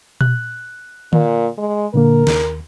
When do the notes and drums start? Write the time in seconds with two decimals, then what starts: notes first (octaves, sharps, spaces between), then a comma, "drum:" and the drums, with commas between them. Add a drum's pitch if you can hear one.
0.21 F#6, drum: tom A#2
1.13 A#2, drum: tom D3
1.58 G#3
1.94 A#2 D3 A#3 A#4
2.27 D#2, drum: snare